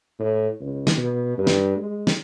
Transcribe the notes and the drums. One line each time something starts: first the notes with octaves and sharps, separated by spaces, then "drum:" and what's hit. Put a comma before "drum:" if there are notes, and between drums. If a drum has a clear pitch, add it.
A2
C#2
drum: snare
B2
G2
drum: snare
G#3
drum: snare